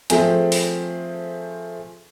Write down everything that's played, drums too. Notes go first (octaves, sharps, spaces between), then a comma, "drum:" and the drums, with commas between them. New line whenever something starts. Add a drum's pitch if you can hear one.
F3 A3 C4 G#4, drum: hi-hat
drum: open hi-hat